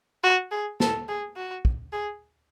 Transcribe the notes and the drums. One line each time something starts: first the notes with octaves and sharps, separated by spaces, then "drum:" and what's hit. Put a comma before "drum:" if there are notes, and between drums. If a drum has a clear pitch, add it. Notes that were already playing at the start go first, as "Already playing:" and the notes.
F#4
G#4
A4, drum: snare
G#4
F#4
drum: kick
G#4